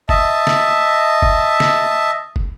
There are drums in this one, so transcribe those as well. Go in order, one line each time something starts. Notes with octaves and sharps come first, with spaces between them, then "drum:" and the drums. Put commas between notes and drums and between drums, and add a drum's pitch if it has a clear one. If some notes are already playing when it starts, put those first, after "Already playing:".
D#5 E5 A5, drum: kick
drum: snare
drum: kick
drum: snare
drum: kick